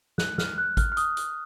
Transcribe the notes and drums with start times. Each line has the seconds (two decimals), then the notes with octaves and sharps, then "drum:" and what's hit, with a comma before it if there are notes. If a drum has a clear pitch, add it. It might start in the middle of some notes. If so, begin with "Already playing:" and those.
0.18 F#6, drum: snare
0.38 F6, drum: snare
0.58 F#6
0.77 F6, drum: kick G#1, hi-hat
0.92 F6
0.97 D#6, drum: hi-hat
1.17 drum: hi-hat